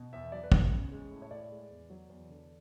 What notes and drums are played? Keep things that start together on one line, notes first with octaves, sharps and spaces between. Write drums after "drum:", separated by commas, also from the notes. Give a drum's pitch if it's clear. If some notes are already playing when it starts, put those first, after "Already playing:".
Already playing: B2
E2 E5
F#3 D5
B4
E2 C#5, drum: kick
C#3
G#3
A2
C#5
A2 D5
G#3
E2
F#3
E2
D3